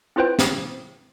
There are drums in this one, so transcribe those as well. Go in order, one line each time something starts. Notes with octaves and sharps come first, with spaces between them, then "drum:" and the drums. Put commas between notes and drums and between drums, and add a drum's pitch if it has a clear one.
C4 E4 F4 B4 C5 G5
drum: snare